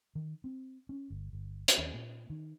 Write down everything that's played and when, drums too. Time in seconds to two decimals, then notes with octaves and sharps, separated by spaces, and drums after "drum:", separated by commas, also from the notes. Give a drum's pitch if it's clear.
0.15 D#3
0.44 C4
0.89 C#4
1.10 G1
1.33 G1
1.68 drum: hi-hat
1.78 D#2
1.94 A#2
2.30 D#3